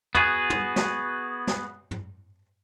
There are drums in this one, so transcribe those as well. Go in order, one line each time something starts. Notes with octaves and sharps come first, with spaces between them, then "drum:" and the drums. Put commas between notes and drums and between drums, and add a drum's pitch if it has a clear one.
B3 F#4 G#4, drum: tom
drum: tom
drum: snare
drum: snare
drum: tom